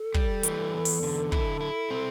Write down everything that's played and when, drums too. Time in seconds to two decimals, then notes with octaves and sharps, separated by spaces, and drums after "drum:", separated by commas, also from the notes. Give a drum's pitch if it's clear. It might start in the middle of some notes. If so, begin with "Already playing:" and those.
Already playing: A4
0.14 G3, drum: kick
0.43 E3, drum: hi-hat
0.74 E2
0.85 drum: open hi-hat
1.03 D3
1.32 E4, drum: kick
1.61 E4
1.90 C4